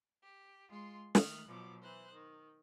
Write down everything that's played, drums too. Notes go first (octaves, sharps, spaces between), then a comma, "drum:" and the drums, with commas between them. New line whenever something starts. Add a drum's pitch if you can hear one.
G4
G#3 F4 C6
D#3 A3 D#6 F6 F#6, drum: snare
B2 F3 F#3 D6
E3 C5 F#6
D#3